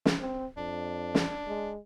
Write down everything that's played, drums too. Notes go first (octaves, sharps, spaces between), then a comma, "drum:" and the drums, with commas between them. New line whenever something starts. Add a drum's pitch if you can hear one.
drum: snare
C4
F2 D4
drum: snare
G#3